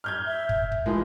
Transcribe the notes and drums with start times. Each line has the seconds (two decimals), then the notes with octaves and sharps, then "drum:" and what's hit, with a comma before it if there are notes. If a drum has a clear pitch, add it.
0.04 F6 G6 G#6
0.26 E5
0.49 drum: kick
0.72 drum: kick
0.86 E3 F3 G#3 A#4